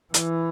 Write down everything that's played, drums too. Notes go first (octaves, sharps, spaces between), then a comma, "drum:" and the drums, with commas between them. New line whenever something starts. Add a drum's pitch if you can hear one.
E3, drum: hi-hat